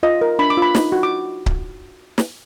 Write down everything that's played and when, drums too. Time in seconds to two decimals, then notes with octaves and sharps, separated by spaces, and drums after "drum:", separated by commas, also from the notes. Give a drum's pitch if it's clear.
0.03 F4 D#5
0.21 A#4
0.39 D4 B5
0.50 D6
0.57 F4 B5
0.75 D#4, drum: snare
0.92 F#4
1.03 D6
1.46 drum: kick C#1
2.18 drum: snare